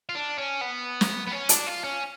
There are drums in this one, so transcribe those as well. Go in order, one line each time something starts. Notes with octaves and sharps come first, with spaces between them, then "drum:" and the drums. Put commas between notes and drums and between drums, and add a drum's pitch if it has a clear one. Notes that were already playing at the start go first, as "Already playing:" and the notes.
F4
D4
C#4
B3
drum: snare
B3
C#4
D4, drum: hi-hat
F4
C#4